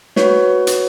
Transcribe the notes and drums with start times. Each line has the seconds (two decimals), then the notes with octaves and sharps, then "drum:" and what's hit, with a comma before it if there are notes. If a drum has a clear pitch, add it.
0.16 F#4 B4 C#5, drum: snare
0.67 drum: hi-hat